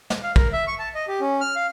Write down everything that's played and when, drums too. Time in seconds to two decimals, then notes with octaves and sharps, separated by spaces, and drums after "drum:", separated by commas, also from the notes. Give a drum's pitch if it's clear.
0.10 drum: snare
0.23 F5
0.36 A#4, drum: kick
0.53 E5
0.67 C#6
0.79 A5
0.95 D#5
1.08 G4
1.20 C#4
1.41 F6
1.56 F5